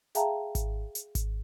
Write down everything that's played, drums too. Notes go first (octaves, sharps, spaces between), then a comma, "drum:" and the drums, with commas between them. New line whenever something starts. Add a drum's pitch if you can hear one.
G#4 E5 F5 G5 A5 A#5, drum: hi-hat
drum: kick G#1, hi-hat
drum: hi-hat
drum: kick G#1, hi-hat